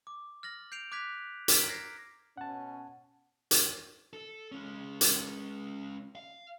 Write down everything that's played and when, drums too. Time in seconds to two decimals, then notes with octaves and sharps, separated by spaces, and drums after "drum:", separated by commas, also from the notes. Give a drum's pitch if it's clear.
0.07 D6
0.43 F6 A6 A#6 F#7
0.72 G6 C7 D7 F7
0.92 D6 F#6 G#6 B6 F7
1.48 A#5 F6 B6 C7 D7, drum: hi-hat
1.68 G#6 A#6 C7
2.37 B2 C#4 F#5 A5
3.51 drum: hi-hat
4.13 A4
4.52 G#3 C#4
5.01 drum: hi-hat
6.15 F5